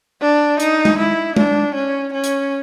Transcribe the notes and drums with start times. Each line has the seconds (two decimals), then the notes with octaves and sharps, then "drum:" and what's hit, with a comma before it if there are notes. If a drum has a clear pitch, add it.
0.22 D4
0.60 D#4, drum: hi-hat
0.85 drum: tom G#3
0.98 E4
1.36 D4, drum: tom G#3
1.75 C#4
2.13 C#4
2.24 drum: hi-hat